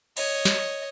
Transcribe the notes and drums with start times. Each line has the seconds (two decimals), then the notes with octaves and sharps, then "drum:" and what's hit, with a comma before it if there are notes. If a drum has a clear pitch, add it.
0.17 C#5 D#5, drum: cymbal
0.45 drum: snare